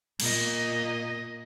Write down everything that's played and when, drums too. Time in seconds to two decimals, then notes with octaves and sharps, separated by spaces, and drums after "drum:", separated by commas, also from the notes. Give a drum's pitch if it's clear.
0.20 A#2 D#5, drum: cymbal